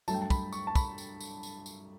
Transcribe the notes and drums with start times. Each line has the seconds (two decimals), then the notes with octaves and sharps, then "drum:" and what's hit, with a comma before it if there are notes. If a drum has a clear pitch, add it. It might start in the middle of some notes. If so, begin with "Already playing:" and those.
0.08 G2 F#3 A3 A5, drum: tambourine
0.14 G5
0.22 A5
0.30 B5, drum: kick, tambourine
0.53 C#6, drum: tambourine
0.67 A5
0.75 B5, drum: kick, tambourine
0.98 drum: tambourine
1.21 drum: tambourine
1.43 drum: tambourine
1.66 drum: tambourine